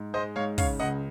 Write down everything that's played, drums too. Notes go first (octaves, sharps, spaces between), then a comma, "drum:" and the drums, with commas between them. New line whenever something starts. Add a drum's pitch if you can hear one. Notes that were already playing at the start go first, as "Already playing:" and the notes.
Already playing: G#2
G#3 C5 D#5
G#2 C#5 F5
C#3 C#5 F5, drum: kick, open hi-hat
C#2 D#5 F#5